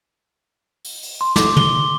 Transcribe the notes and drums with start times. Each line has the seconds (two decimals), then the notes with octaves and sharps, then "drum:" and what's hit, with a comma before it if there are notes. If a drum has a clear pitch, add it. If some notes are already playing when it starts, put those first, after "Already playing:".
0.84 drum: open hi-hat
1.03 drum: open hi-hat
1.21 C6
1.36 D6, drum: snare
1.57 G7, drum: tom